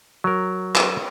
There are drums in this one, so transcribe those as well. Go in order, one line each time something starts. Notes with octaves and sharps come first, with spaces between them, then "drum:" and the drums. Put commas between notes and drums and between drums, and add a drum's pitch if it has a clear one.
F#3 A#4
drum: clap